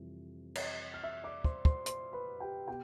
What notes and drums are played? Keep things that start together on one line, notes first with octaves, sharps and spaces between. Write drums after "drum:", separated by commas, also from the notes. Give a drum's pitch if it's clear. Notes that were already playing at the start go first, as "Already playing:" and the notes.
Already playing: F2 C3 E3 G3
drum: cymbal
F6
E5 E6
D5 D6
C5 C6, drum: kick
C5 C6, drum: kick
C5 C6, drum: hi-hat
B4 B5
G4 G5
B2 G4 G5